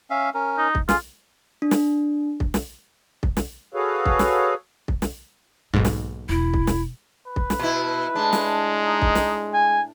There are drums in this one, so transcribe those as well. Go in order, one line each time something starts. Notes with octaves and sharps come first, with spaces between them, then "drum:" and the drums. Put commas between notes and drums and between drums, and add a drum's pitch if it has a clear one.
C#4 E5 F5
C#4 A#4
D#4
drum: kick
F4 G#4, drum: snare
D4
drum: snare
drum: kick
drum: snare
drum: kick
drum: snare
F#4 G#4 A4 B4 C#5 F5
drum: kick
drum: snare
drum: kick
drum: snare
B1 G#2 A#3, drum: kick
drum: snare
E1 E4
drum: kick
drum: snare
B4
drum: kick
drum: snare
B2 E4
A2 G#3 D4
drum: snare
D#4
drum: kick
drum: snare
G#5